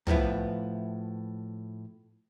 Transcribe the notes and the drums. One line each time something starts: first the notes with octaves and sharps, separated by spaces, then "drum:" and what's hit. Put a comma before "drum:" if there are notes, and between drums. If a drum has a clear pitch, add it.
A2 F3 B3 E4, drum: tom